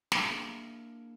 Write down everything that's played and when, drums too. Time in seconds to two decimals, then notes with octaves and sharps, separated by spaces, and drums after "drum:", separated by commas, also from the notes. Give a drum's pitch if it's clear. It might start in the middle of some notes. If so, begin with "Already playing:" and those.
0.12 A#3 D4 E4 G#4, drum: snare